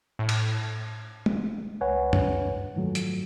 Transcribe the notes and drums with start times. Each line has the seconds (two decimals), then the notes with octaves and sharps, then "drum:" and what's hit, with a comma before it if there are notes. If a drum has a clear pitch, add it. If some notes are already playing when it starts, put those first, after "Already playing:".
0.19 A2
0.29 drum: cymbal
1.26 drum: tom
1.81 C#2 B4 C#5 F#5 G#5
2.13 drum: tom
2.76 G#2 D#3 F3 F#3 A3
2.95 drum: hi-hat